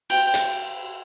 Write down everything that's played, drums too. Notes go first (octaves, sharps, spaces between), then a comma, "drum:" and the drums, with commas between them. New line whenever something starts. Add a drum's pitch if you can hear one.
G5, drum: cymbal
drum: hi-hat